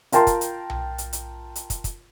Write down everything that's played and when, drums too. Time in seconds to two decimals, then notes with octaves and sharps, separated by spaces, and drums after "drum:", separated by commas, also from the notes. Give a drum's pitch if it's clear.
0.12 F4 A#4 G5 A5 C6, drum: hi-hat
0.27 drum: kick, hi-hat
0.41 drum: hi-hat
0.70 drum: tom B1
0.98 drum: hi-hat
1.13 drum: hi-hat
1.56 drum: hi-hat
1.70 drum: kick, hi-hat
1.84 drum: kick, hi-hat